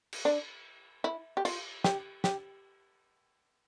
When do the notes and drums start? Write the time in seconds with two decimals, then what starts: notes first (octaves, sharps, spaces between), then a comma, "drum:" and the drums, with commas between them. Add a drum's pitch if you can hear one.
0.13 drum: cymbal
0.25 D4
1.04 E4
1.37 G4
1.45 F4, drum: cymbal
1.84 G4, drum: snare
2.24 G4, drum: snare